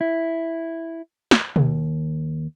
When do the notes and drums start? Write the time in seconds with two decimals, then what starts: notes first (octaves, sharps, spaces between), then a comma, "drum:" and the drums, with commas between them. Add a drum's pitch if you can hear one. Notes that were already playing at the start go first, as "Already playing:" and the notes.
0.01 E4
1.31 drum: snare
1.56 D#2, drum: tom B2